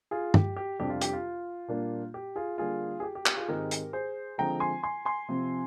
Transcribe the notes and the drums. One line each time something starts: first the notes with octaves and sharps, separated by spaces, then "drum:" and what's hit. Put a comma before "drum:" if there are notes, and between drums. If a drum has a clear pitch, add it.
F4 G#4
G4, drum: tom
G4
F2 C3 G3 D4 G4
F4
G4, drum: hi-hat
F4
A#2 G3 A#3 D4
G4
F4 G#4
D3 G3 A#3 D4 F4 G#4
G#4
G4
G4
G4, drum: clap
F4 G#4
G#2 D#3 G#3 C4 G4 A#4
drum: hi-hat
G#4 C5
D3 F3 G#3 C4 G5 A#5
G#5 C6
G#5 C6
G#5 C6
C3 F3 C4